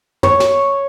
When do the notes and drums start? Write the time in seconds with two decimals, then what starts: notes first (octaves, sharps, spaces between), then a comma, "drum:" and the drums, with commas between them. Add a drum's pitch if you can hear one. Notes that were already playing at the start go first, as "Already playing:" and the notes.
0.23 C#5, drum: tom
0.40 drum: snare